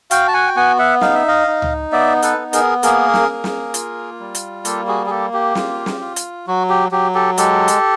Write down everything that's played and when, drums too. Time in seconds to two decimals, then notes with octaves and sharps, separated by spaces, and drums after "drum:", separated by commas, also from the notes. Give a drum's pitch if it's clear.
0.11 F#4 F5 G5, drum: hi-hat
0.28 A5
0.34 F#5 G#5
0.47 G5
0.56 B3 F#5 G#5
0.79 E5 F#5
1.01 D#4 F5, drum: snare
1.15 E5
1.28 D#5 F5
1.47 D#4
1.62 drum: tom C#2
1.92 B3 D5 E5
2.23 A4 B4, drum: hi-hat
2.37 B3
2.53 G#4 A#4, drum: hi-hat
2.83 A#3 G#4 A#4, drum: hi-hat
3.14 drum: snare
3.29 A#3
3.44 drum: snare
3.74 F4, drum: hi-hat
4.20 G3
4.35 drum: hi-hat
4.65 A#3 G4 A4, drum: hi-hat
4.87 F#4 G#4
5.06 G#4
5.10 A#3 G4 A4
5.33 G4
5.55 F4, drum: snare
5.86 drum: snare
6.01 F4
6.16 drum: hi-hat
6.47 F#3 F#4
6.69 G4
6.92 F#3 G4
7.14 G4 A4
7.38 G#3 G4 A4, drum: hi-hat
7.68 drum: hi-hat